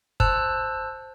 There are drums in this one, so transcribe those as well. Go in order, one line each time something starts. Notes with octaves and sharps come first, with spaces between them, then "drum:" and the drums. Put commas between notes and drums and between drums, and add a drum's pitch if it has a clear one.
C5 A5 E6 F#6, drum: kick F#1